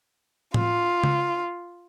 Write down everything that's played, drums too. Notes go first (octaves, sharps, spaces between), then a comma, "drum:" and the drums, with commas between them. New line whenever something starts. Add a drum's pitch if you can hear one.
F4, drum: tom A2
drum: tom C#3